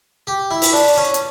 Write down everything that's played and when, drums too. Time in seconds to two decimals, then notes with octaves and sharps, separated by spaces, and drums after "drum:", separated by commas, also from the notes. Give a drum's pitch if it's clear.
0.27 G4
0.51 E4
0.62 drum: open hi-hat
0.73 D4
0.97 C#4
1.14 drum: hi-hat